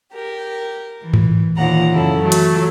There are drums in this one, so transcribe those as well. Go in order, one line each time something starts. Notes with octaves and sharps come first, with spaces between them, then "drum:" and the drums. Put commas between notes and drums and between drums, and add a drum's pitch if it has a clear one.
G4 A#4
E3
drum: tom G#2
D#2 A#2 E3 F3 F#5 A#5
F#2 C#3 E4 A4
E3 F#3 A3
drum: hi-hat